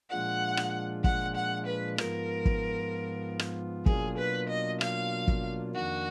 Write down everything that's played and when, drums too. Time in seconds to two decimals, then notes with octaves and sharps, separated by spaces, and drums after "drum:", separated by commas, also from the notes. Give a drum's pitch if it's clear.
0.10 A#2 F3 G#3 D4 F4 F#5
0.57 drum: rim click
1.04 F#5, drum: kick
1.36 F#5
1.67 B4
1.98 G#2 F3 B3 F4 A#4, drum: rim click
2.45 drum: kick
3.39 drum: rim click
3.86 B2 F#3 A#3 D4 F4 G#4, drum: kick
4.18 B4
4.49 D#5
4.81 F5, drum: rim click
5.28 drum: kick
5.75 F2 D#3 A#3 D4 F#4